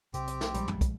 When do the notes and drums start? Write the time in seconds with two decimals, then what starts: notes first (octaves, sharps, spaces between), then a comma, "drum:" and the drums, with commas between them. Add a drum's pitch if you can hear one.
0.14 B1 C3 C4 G4, drum: hi-hat
0.27 drum: hi-hat
0.41 drum: snare
0.54 A#1 F3 G3 G#3, drum: hi-hat
0.68 drum: tom
0.81 drum: kick, hi-hat